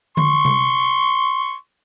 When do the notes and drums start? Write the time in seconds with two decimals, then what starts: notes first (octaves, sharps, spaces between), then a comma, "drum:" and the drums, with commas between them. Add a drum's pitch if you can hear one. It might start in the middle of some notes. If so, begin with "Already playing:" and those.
0.17 C6 C#6, drum: tom D3
0.45 drum: tom C3